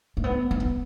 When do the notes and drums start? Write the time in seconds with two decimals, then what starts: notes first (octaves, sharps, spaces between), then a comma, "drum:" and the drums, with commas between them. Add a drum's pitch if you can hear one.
0.17 A3
0.24 B3
0.51 B3
0.60 drum: kick